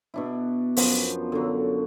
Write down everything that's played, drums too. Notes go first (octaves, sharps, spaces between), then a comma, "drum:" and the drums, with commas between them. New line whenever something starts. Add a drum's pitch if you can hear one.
B2 D4 E4
F#2 F3 B3, drum: open hi-hat
D3 F#3